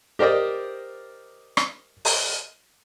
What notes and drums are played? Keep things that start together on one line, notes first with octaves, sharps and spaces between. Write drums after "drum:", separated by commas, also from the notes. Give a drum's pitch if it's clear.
G4 A#4 C5 D5 D#5
drum: rim click
drum: open hi-hat